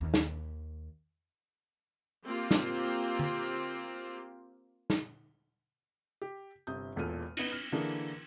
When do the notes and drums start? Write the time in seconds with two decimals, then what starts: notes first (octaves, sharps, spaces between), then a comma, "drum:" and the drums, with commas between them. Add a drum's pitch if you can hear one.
0.01 D#2
0.14 drum: snare
2.24 A#3 C4 F4 G4
2.51 drum: snare
3.19 drum: tom D3
4.90 drum: snare
6.22 G4
6.67 G1 C3 D#6 G6
6.96 E1 E2 A#2 A4 F6 D#7
7.37 B3 D#4, drum: cymbal
7.52 F6
7.72 D3 E3 A#3 D4 G#4